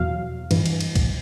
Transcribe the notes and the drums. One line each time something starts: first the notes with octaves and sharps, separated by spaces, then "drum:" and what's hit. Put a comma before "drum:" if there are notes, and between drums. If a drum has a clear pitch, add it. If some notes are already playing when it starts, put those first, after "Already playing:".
Already playing: E2 B2 F#3 F5
G2 E3, drum: cymbal
drum: cymbal
drum: cymbal
drum: kick C2, cymbal